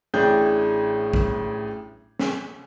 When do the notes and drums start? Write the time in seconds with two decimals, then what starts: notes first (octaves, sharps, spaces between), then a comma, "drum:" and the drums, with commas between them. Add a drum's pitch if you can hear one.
0.14 A1 A2 D4 G#4 G5 G6
1.13 drum: kick A#1
2.19 drum: snare